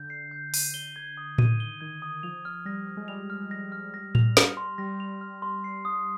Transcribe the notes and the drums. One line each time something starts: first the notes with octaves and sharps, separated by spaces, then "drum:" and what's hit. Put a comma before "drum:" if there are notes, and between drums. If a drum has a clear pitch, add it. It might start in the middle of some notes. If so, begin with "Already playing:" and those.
Already playing: D3 G6
C7
G6
D#7, drum: open hi-hat
G7
G#6
D#6
D#3 D#7, drum: tom A2
G7
D#3 G#6
D#6
F3 F7
F6
G3 A#6
F6
G#3
G3 F7
F6
A#6
F6
A#6
F7, drum: tom A2
F6, drum: snare
C6
G3 A#6
F7
F6
C6
C7
D#6